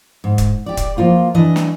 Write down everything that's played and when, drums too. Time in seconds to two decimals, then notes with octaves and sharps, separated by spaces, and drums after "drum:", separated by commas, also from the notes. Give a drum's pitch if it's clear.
0.24 G#2
0.38 drum: kick, hi-hat
0.66 G4 D5
0.77 drum: kick, hi-hat
0.97 F3 A#3 F4 C5
1.34 E3 D4 D#5
1.56 drum: snare